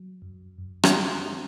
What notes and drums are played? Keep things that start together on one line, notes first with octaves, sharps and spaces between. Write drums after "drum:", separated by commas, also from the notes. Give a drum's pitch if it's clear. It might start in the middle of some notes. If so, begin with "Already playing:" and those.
Already playing: F#3
F#2
F#2
drum: rim click
G#3
C4